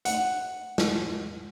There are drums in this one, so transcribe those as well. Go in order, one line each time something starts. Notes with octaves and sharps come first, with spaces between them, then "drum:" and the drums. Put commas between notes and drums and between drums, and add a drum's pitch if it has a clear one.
F#5, drum: hi-hat
drum: snare